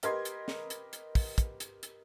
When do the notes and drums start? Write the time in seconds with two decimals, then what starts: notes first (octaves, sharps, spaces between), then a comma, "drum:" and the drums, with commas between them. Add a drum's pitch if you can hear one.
0.03 G4 A#4 B4 D#5 C6 G#6, drum: hi-hat
0.25 drum: hi-hat
0.48 drum: snare
0.70 drum: hi-hat
0.93 drum: hi-hat
1.15 drum: kick, open hi-hat
1.38 drum: kick, hi-hat
1.60 drum: hi-hat
1.83 drum: hi-hat